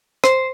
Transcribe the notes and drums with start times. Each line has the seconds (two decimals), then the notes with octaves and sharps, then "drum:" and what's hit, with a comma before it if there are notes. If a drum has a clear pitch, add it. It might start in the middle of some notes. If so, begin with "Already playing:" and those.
0.24 C5, drum: rim click